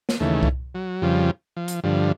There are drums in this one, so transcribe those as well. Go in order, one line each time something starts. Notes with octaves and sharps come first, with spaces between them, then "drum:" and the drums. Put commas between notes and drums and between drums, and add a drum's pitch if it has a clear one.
drum: snare
D#2 C#3 E3 A3
drum: kick C2
F#3
F2 C#3 F3 G3
F3
drum: hi-hat
G2 D3 F3